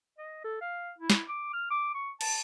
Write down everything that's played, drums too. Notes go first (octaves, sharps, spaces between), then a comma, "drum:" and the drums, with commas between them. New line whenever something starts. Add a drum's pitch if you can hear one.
D#5
A4
F5
E4
drum: snare
D6
F6
D6
C#6
A5, drum: cymbal